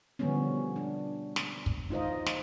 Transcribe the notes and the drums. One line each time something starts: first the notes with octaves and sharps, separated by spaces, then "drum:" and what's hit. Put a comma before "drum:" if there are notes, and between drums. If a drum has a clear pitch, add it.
B2 D3 F3 G3 B3 C#4
D4
drum: snare
drum: kick
D#4 F4 C5 D#5
drum: snare